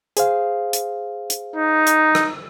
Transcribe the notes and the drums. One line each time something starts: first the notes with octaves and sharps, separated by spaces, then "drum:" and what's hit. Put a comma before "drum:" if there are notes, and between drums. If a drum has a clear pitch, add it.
G#4 C5 F5, drum: hi-hat
drum: hi-hat
drum: hi-hat
D#4
drum: hi-hat
drum: rim click